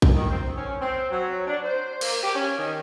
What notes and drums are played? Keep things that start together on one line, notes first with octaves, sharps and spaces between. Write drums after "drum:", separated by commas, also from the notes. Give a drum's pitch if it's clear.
drum: kick
D#3
C4
C#4
C4
F#3
D4
C5
A#3, drum: cymbal
G4
C#4
D#3